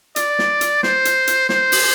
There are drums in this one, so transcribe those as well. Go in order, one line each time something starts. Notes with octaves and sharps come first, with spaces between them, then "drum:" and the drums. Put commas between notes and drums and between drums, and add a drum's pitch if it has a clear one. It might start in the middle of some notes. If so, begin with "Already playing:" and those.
D5, drum: hi-hat
drum: snare
drum: hi-hat
C5, drum: snare
drum: hi-hat
drum: hi-hat
C5, drum: snare
drum: open hi-hat